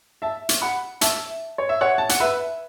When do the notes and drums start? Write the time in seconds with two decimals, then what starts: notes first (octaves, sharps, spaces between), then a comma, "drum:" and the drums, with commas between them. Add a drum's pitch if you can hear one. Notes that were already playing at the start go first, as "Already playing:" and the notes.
0.22 E5 A5
0.49 drum: hi-hat
0.62 F#5 B5
1.01 E5 A5, drum: hi-hat
1.58 C#5
1.69 E5
1.81 C#5 F#5
1.98 A5
2.09 F#5, drum: hi-hat
2.20 B4 E5